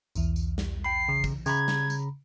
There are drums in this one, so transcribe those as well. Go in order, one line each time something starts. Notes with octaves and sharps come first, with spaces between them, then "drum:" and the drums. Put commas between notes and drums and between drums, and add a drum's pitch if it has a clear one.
B1 E2 E3, drum: tambourine
drum: tambourine
drum: snare
G5 B5 C7
C#3
drum: kick, tambourine
C#3 A#5 B5 G#6, drum: tambourine
drum: snare
drum: tambourine